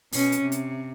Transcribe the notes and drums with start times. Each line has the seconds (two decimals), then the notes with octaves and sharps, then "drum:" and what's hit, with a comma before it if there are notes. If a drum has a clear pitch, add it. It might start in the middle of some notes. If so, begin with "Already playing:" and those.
0.12 B2 C#4, drum: open hi-hat
0.32 drum: hi-hat
0.41 C3
0.52 drum: hi-hat